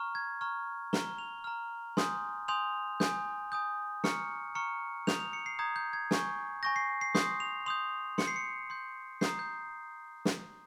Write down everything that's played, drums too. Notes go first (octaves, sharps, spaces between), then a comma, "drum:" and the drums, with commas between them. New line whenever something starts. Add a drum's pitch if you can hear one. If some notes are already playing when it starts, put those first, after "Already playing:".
Already playing: A#5 C#6 F6
G#6
A#5 C#6 F6
A#5 F6 G7, drum: snare
F7
A#5 F6
G#5 C6 D#6 G6, drum: snare
G#5 C6 D#6 G6 F7
G#5 D#6 G6, drum: snare
G#5 D#6 G6
A#5 C#6 F6 C#7, drum: snare
A#5 C#6 F6 C#7
A#5 D#6 G6 F7, drum: snare
F7
C#7
C7
A#5 D#6 G6 G#6
G6
G#6
G#5 C#6 G6, drum: snare
G#5 C#6 G6 A#6
C7
C7
C6 D#6 G6 C7, drum: snare
F7
C6 D#6 G6 F7
C6 G6 C#7, drum: snare
C7
C#7
C6 G6
A#5 D#6 G6 C7, drum: snare
G6
drum: snare